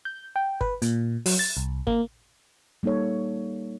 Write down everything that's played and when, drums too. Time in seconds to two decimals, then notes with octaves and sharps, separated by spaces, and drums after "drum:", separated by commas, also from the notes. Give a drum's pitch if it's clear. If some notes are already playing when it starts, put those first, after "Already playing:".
0.05 G6
0.36 G5
0.61 B4, drum: kick G1
0.82 A#2, drum: hi-hat
1.26 F#3, drum: open hi-hat
1.39 A6
1.57 C2
1.87 A#3, drum: kick G1
2.83 G3 A#3 D#4 A4 C#5